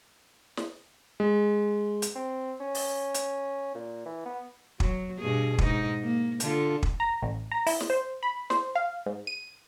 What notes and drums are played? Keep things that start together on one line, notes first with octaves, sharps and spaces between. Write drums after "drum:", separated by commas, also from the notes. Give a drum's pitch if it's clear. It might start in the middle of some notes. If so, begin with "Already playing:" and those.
drum: snare
G#3
drum: hi-hat
C4
C#4
drum: open hi-hat
drum: hi-hat
A#2
E3
B3
F#3, drum: kick
G2 B2 G#4
G#2 D#4, drum: kick
A#3
D3 F4 A4, drum: hi-hat
drum: kick
A#5
A1
A#5
E4, drum: open hi-hat
drum: snare
C5
B5
C5, drum: snare
F5
G#2
D#7